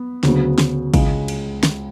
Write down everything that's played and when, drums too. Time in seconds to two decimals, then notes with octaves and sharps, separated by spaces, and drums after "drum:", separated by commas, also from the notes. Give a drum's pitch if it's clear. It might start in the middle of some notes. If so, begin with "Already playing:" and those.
Already playing: B3
0.23 D2 C#3 F#3 B3, drum: snare
0.58 drum: snare
0.94 C#2 C#3 G#3, drum: kick, cymbal
1.28 drum: cymbal
1.63 drum: snare